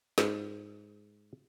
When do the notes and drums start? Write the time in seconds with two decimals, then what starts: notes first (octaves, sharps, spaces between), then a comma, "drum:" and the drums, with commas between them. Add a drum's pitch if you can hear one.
0.18 G#2, drum: snare